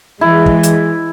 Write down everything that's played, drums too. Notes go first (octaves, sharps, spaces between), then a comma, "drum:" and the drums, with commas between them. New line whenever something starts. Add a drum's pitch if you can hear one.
E3 G#3 E4
drum: kick
drum: hi-hat